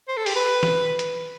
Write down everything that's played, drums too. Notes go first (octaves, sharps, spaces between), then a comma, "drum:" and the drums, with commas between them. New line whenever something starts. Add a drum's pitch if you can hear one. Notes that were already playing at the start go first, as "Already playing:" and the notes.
C5
A4
G4, drum: open hi-hat
B4
drum: snare
drum: hi-hat